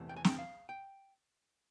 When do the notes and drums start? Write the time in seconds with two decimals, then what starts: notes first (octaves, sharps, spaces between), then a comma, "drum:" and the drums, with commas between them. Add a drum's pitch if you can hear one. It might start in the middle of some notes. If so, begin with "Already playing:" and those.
Already playing: E2 C3 E3 A3
0.09 G5
0.16 G#5
0.24 G5, drum: snare
0.39 F5
0.69 G5